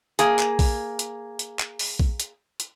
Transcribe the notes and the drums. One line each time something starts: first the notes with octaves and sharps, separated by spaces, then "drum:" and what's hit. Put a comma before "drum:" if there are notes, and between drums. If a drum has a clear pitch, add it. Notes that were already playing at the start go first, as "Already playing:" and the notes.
A#3 G#4, drum: hi-hat
drum: clap
drum: kick A#1, open hi-hat
drum: hi-hat
drum: hi-hat
drum: clap
drum: open hi-hat
drum: kick A#1
drum: hi-hat
drum: hi-hat